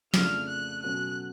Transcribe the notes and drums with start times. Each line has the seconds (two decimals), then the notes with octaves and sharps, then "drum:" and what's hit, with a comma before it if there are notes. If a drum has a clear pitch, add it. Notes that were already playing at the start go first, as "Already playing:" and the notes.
0.14 F2 C#3 F3 A3 D4 F6, drum: snare
0.49 F#6
0.82 B2 F#3 C#4 F#4 A4 F#6